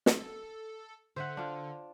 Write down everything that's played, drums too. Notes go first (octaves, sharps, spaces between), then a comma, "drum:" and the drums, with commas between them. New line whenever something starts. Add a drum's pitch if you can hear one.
A4, drum: snare
D3 C5 E5 F#5
D4 F4